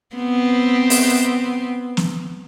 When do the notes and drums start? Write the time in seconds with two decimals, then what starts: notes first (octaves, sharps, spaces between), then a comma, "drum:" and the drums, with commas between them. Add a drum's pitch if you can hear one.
0.16 B3 C4
0.90 drum: open hi-hat
1.97 drum: snare